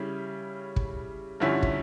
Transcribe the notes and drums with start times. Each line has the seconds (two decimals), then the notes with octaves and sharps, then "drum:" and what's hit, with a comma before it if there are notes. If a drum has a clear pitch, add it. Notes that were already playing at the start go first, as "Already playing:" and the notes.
Already playing: C#3 G3 C#4 E4
0.76 drum: kick
1.40 G2 D3 F3 C#4 E4
1.63 drum: kick